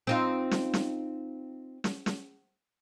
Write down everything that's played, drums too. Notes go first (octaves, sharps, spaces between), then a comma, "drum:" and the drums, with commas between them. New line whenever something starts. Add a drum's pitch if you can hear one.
C4 D#4 F4
drum: snare
drum: snare
drum: snare
drum: snare